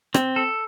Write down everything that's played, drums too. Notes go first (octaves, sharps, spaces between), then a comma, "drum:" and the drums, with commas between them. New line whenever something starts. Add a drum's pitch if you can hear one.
C4, drum: rim click
A4